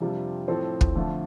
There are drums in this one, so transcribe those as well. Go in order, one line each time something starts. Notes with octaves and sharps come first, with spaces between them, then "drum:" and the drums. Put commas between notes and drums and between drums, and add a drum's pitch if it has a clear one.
F2 C3 G3 D4 F4
A2 F3 C4 A4
drum: kick
F2 D3 A3 F4 C5